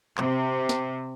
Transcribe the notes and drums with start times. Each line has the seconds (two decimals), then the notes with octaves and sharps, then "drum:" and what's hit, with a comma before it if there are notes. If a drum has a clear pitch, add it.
0.18 C3, drum: clap
0.69 drum: snare